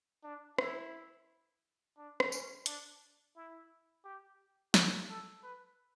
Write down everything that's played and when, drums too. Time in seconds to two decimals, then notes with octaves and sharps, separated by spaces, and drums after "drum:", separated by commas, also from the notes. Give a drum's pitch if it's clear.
0.24 D4
0.58 E4, drum: rim click
1.98 D4
2.20 drum: rim click
2.32 C#4, drum: tambourine
2.66 D4, drum: hi-hat
3.36 E4
4.05 G4
4.74 F#4, drum: snare
5.09 A4
5.43 B4